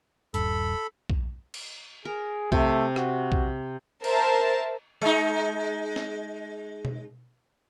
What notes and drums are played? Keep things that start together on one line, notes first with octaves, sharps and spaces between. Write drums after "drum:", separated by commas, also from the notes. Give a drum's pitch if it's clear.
D#1 G2 A4 B5, drum: hi-hat
drum: kick B1
drum: cymbal
G#4 A#4
C3 A3, drum: kick B1
F#4, drum: rim click
drum: kick B1
A#4 C5 E5 A5, drum: cymbal
G#3 D#4
drum: snare
drum: tom B2